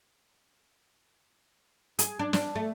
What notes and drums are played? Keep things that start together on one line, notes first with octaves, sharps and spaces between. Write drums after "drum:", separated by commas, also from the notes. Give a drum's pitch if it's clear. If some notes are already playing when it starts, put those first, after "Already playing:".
G#4, drum: hi-hat
D4
D4, drum: snare
A3